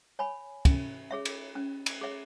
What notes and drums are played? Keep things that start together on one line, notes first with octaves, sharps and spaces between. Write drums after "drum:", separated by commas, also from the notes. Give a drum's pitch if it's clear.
C#5 G#5 B5
C#4, drum: kick, cymbal
G#4 C#5 E5
drum: cymbal
C#4
drum: cymbal
G#4 C#5 E5